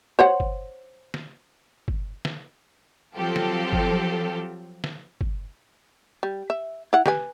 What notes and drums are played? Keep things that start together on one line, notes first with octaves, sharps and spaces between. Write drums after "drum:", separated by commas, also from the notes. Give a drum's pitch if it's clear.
C5 C#5 F#5
drum: kick
drum: snare
drum: kick
drum: snare
F3 F#3 C4 F4 G4 A4
drum: snare
drum: kick
drum: snare
drum: kick
G3
E5
E4 F#5
G4 B4 G#5, drum: snare